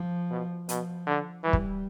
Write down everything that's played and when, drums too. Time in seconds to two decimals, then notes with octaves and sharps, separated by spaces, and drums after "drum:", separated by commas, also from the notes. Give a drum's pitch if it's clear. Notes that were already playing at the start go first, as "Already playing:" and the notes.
Already playing: F3
0.30 B2
0.69 B2 F3, drum: hi-hat
1.07 D3
1.44 E3 G3
1.53 drum: kick